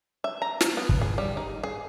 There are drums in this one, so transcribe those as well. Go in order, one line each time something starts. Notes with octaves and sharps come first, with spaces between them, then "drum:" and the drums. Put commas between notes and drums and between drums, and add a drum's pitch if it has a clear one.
E5
A#5
drum: snare
B3
drum: kick
G#4
G3
D#4
G#4